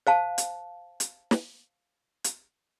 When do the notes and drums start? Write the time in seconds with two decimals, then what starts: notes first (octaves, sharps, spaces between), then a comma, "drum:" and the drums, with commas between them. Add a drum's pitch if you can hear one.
0.07 C5 F5 A5
0.38 drum: hi-hat
1.00 drum: hi-hat
1.31 drum: snare
2.24 drum: hi-hat